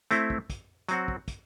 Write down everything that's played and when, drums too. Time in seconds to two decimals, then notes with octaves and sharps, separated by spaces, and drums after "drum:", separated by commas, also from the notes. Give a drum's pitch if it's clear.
0.11 A3 C4 E4, drum: hi-hat
0.30 drum: kick
0.50 drum: kick, hi-hat
0.88 F#3 C4 F#4, drum: hi-hat
1.08 drum: kick
1.28 drum: kick, hi-hat